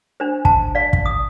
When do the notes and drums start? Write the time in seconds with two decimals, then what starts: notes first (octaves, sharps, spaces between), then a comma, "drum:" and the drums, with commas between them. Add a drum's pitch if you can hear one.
0.20 D4 C5
0.45 A5, drum: kick
0.75 D5 F5
0.93 drum: kick
1.06 D#6